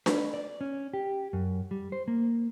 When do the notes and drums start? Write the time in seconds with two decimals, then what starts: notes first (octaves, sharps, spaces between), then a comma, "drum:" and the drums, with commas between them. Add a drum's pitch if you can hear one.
0.06 B4, drum: snare D4
0.34 D5
0.61 C#4
0.93 G4
1.33 F#2
1.71 G3
1.92 C5
2.08 A#3